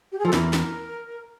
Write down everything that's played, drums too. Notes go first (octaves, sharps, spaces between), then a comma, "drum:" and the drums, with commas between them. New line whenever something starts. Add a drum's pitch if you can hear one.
G4
G#4
F3 A4
E2 E3 A#4, drum: snare
drum: snare